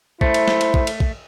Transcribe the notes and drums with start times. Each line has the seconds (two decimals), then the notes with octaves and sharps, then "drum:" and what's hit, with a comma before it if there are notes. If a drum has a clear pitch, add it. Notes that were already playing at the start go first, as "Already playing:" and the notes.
0.21 A3 E4 C5, drum: kick
0.34 drum: cymbal
0.48 drum: snare
0.61 drum: cymbal
0.74 drum: kick
0.87 drum: cymbal
1.00 drum: kick